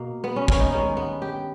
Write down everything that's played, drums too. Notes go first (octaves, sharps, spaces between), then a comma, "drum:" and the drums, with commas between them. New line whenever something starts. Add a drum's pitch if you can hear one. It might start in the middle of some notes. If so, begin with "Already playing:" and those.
Already playing: B2 A#3
B3
C#4
C#4, drum: kick
D#4
G2 D#3 G#3 C#4
B3
G4